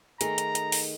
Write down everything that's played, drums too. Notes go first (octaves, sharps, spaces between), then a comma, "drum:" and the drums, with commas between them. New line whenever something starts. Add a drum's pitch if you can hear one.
D#3 A3 G#4 A#5, drum: hi-hat
drum: hi-hat
drum: hi-hat
drum: open hi-hat